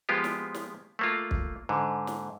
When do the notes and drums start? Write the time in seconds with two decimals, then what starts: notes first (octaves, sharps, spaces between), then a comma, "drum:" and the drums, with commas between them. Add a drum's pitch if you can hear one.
0.09 F3 G#3 B3 F4 G4
0.24 drum: snare
0.54 drum: snare
0.99 A3 A#3 F4
1.31 drum: kick
1.69 G#2 D3
2.07 drum: snare